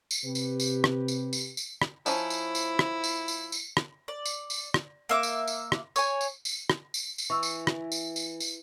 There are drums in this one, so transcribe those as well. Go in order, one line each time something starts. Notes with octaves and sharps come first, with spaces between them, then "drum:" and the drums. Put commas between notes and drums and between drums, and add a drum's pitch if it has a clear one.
drum: tambourine
C3 G4 B4
drum: tambourine
drum: tambourine
drum: rim click
drum: tambourine
drum: tambourine
drum: tambourine
drum: rim click
F3 C#4 D#4 E4, drum: tambourine
drum: tambourine
drum: tambourine
drum: rim click
drum: tambourine
drum: tambourine
drum: tambourine
drum: rim click
D5
drum: tambourine
drum: tambourine
drum: rim click
A#3 E5 D6
drum: tambourine
drum: tambourine
drum: rim click
C#5 G#5, drum: tambourine
drum: tambourine
drum: tambourine
drum: rim click
drum: tambourine
drum: tambourine
E3 C#6 E6
drum: tambourine
drum: rim click
drum: tambourine
drum: tambourine
drum: tambourine